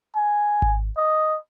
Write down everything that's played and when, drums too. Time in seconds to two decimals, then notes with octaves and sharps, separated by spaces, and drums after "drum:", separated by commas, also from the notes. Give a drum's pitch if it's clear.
0.16 G#5
0.62 drum: kick G#1
0.97 D#5